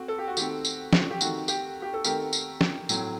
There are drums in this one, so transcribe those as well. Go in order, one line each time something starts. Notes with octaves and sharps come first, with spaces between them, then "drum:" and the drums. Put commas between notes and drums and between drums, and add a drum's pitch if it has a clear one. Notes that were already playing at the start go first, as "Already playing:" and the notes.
Already playing: A3 C4 F#4
A4
G4
F#4
D#3 A3 C4 G4, drum: tambourine
drum: tambourine
drum: snare
G4
D#3 A3 C4 F#4, drum: tambourine
G4, drum: tambourine
G4
A4
D#3 A3 C4 G4 A#4, drum: tambourine
drum: tambourine
drum: snare
A2 F#3 C4, drum: tambourine